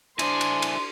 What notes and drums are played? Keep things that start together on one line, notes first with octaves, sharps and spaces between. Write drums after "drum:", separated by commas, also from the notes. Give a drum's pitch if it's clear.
D4 E4 C5 G#5 C6, drum: cymbal
drum: cymbal
drum: cymbal